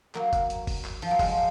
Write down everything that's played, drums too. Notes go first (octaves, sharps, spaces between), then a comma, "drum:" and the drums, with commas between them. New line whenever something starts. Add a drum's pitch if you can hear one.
F#3 A#3, drum: clap
drum: kick F#1, hi-hat
drum: hi-hat
drum: kick F#1, open hi-hat
drum: clap
F3, drum: open hi-hat
F#3
F3 G#3, drum: kick F#1, open hi-hat